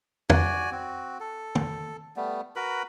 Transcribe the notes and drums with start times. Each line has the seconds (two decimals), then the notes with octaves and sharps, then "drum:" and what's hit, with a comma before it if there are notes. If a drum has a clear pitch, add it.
0.30 F#4 D5 G#5, drum: tom
0.72 C4 F#4
1.20 A4
1.55 drum: tom
2.16 G3 A3 B3
2.56 F#4 A#4 B4 B5